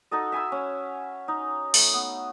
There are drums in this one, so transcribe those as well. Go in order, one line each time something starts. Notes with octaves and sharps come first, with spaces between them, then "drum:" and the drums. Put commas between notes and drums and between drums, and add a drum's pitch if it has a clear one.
D#4 F#4 A4 D#5
E5 G#5 B5 E6
C#4
D#4
A3, drum: open hi-hat
B3